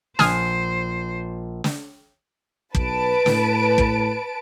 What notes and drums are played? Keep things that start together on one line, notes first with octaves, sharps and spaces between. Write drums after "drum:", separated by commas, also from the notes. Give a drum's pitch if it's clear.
A#1 C5 G#5 D#6 F6 F#6 C7, drum: snare
drum: snare
B1 B4 A5 D7, drum: kick
A2, drum: snare
drum: kick